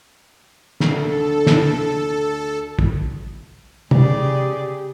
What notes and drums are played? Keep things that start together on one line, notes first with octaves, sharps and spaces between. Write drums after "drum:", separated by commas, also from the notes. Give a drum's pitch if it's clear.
D2 A4, drum: snare
drum: snare
drum: kick
C#3 G4 G#4 D5, drum: tom